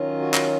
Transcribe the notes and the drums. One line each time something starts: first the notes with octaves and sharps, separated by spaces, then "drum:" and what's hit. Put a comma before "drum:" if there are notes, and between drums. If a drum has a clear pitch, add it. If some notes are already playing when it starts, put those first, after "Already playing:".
Already playing: D#3 F#3 C#4 F4
F#4
drum: clap